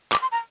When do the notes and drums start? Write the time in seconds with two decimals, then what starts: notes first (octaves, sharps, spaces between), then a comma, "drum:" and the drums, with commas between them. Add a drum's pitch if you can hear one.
0.12 D6, drum: clap
0.22 C6
0.31 A#5